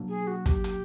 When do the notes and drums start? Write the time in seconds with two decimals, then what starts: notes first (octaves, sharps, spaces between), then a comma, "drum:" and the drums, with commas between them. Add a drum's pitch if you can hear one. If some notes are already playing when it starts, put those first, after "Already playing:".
Already playing: B2 F#3 A#3 D4
0.09 G#4
0.27 F#4
0.46 G4, drum: kick, hi-hat
0.64 drum: hi-hat